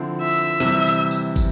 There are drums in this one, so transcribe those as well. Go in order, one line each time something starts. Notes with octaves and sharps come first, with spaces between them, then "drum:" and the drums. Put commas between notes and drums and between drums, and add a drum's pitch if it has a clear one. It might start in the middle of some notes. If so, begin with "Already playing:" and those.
Already playing: D3 F3 C4 E4
E5
C3 E3 G3, drum: snare
drum: tambourine
drum: tambourine
drum: kick, tambourine